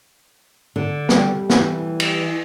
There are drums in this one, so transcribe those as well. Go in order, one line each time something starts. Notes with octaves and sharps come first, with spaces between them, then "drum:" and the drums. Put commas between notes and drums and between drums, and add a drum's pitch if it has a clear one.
D3
G3, drum: snare
E3, drum: snare
drum: cymbal